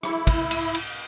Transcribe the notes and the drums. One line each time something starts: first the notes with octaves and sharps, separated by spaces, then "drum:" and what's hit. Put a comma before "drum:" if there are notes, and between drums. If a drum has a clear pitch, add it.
E4, drum: rim click
drum: kick, cymbal
drum: cymbal
drum: cymbal